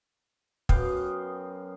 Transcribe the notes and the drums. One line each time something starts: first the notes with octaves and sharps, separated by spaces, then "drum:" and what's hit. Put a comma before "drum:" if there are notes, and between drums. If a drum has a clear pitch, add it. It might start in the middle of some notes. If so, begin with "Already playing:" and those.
F#2 B3 F5 G5, drum: kick